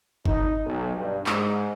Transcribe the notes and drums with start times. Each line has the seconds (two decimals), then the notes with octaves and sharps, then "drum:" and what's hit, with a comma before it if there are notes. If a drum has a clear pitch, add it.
0.26 D#4, drum: kick F#1
0.66 B1
0.95 G2
1.26 G#2, drum: clap